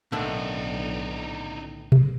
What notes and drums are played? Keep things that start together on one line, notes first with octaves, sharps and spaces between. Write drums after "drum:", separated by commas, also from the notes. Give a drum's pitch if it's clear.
B1 A2 D3 D#3 D4 D#4
drum: tom B2